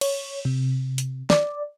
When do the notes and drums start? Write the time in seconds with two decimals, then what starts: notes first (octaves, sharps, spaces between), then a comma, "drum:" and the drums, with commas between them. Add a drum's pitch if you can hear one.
0.01 C#5, drum: cymbal
0.45 C3
0.98 drum: hi-hat
1.30 D5, drum: snare